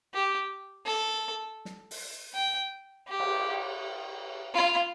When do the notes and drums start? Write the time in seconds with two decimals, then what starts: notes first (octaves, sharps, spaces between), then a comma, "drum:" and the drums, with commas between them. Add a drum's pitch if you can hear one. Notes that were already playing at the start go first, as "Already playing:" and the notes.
0.14 G4
0.86 A4
1.65 drum: snare
1.91 drum: open hi-hat
2.34 G5
3.08 G4
3.20 drum: cymbal
4.54 F4